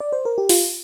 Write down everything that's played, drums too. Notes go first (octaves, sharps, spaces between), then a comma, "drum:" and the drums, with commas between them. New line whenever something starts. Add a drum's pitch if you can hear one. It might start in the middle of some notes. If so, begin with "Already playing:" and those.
D5
C5
A#4
G4
F4, drum: open hi-hat